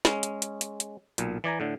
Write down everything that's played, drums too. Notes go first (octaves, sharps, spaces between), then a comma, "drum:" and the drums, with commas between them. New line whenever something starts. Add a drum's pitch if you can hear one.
G#3 C#4, drum: snare
drum: hi-hat
drum: hi-hat
drum: hi-hat
drum: hi-hat
B1 A#2, drum: hi-hat
E3 D5 G#5 A#5
A2 D3